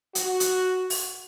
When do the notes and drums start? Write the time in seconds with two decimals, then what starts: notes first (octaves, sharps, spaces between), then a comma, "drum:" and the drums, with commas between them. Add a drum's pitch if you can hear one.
0.15 F#4, drum: hi-hat
0.40 drum: hi-hat
0.90 drum: open hi-hat